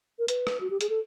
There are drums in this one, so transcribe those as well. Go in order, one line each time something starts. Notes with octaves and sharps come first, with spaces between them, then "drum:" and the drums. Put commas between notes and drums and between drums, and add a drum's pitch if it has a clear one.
A#4
B4, drum: hi-hat
drum: rim click
F#4
G4
G#4, drum: hi-hat
A4